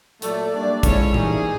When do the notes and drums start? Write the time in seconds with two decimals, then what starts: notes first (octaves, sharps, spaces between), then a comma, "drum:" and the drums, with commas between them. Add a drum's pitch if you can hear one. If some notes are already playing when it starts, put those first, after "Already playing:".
0.22 A#2 F#3 A3 D5, drum: hi-hat
0.53 G3 A#3 D4 D5
0.83 F3 G#3 C#4 E4 A4 C#5, drum: kick, hi-hat
1.14 A2 E3 G3 A#3 D#4 G#4, drum: tom A#2